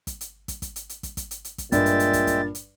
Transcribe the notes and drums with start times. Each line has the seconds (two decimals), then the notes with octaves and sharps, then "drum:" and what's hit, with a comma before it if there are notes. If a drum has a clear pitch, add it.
0.07 drum: kick, hi-hat
0.21 drum: hi-hat
0.48 drum: kick, hi-hat
0.62 drum: kick, hi-hat
0.76 drum: hi-hat
0.89 drum: hi-hat
1.03 drum: kick, hi-hat
1.17 drum: kick, hi-hat
1.31 drum: hi-hat
1.45 drum: hi-hat
1.58 drum: kick, hi-hat
1.72 G2 A#2 G#3 E5 G5 A6, drum: kick, hi-hat
1.86 drum: hi-hat
2.00 drum: hi-hat
2.13 drum: kick, hi-hat
2.27 drum: kick, hi-hat
2.55 drum: hi-hat